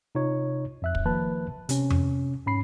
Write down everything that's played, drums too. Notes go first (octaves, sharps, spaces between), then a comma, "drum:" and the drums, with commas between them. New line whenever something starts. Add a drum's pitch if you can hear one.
C3 D#4 F4 C#5
F2 E5 F#6
drum: kick
D#3 F3 A#3 B4 A5 F#6
C3 C#4, drum: hi-hat
drum: tom F2
G#2 C#4 B5 C7